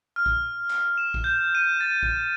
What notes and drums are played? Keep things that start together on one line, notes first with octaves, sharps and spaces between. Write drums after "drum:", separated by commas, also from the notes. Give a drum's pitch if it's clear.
F6
drum: kick
drum: clap
E7
drum: kick
G6
D#7
A6
drum: kick